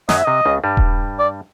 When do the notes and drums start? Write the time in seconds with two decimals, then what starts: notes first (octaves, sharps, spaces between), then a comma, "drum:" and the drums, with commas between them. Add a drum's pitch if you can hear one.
0.09 F#2 F#3 D#5, drum: snare
0.17 E5
0.25 C3 D#5
0.45 C#2 C#3
0.64 G2 G3
0.77 drum: kick D#1
1.19 D5